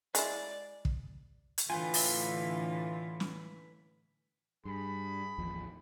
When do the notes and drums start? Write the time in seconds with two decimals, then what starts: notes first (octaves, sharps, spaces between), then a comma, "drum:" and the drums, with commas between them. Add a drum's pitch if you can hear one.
0.15 G#3 E4 D5, drum: hi-hat
0.85 drum: kick
1.58 drum: hi-hat
1.70 A2 D3 E3 F4 B4 G5 G#5
1.94 drum: open hi-hat
3.20 drum: snare
4.65 G2 G#4 B5
5.38 A1 D#2 F3